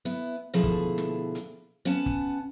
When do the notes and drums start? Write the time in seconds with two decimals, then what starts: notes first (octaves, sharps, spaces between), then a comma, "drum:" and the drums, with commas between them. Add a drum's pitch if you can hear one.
0.05 B3 E4
0.54 B2 D3 F3 A3 E4 G#4
0.63 drum: kick
0.98 drum: snare
1.35 drum: hi-hat
1.85 B3 C#4 F#5 G#5 A5
2.06 drum: kick